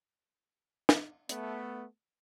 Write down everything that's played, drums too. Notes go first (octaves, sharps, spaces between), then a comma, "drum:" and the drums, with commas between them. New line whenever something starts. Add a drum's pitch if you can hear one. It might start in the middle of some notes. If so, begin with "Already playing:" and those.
drum: snare
A3 B3, drum: hi-hat